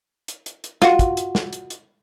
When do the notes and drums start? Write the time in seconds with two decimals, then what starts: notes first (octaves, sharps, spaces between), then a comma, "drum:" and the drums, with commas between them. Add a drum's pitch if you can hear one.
0.28 drum: hi-hat
0.46 drum: hi-hat
0.64 drum: hi-hat
0.82 F4 F#4, drum: snare
0.99 drum: kick, hi-hat
1.17 drum: hi-hat
1.35 drum: snare
1.53 drum: hi-hat
1.70 drum: hi-hat